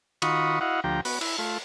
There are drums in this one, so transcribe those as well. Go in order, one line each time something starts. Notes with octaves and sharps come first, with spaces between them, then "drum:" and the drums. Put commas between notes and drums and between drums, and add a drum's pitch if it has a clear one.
D#3 F4 F#4 B5 C#6 D#6, drum: cymbal
E4 F#4 D#5 F5 F#5
D2 F3 G4 G5 A#5
B3 F#4, drum: open hi-hat
E4, drum: cymbal
A3 F4